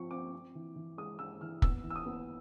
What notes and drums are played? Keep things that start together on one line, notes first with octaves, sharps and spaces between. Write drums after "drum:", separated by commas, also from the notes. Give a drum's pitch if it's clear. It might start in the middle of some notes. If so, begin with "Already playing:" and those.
Already playing: F3 C4 C#6
C4 D6
C4
E3
E3
G#3 D#6
G#3 E6
E3 F6
B3 E6, drum: kick
E3
E6
D#6
B3